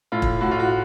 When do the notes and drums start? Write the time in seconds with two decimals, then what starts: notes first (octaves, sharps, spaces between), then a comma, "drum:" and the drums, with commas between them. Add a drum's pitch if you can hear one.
0.12 A2 F4
0.22 drum: kick E1
0.41 A2 F#4
0.51 F4
0.60 F#4